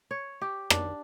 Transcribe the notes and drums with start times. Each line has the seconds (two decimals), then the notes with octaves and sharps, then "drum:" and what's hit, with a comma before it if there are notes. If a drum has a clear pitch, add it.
0.11 C#5
0.42 G4
0.70 D4, drum: rim click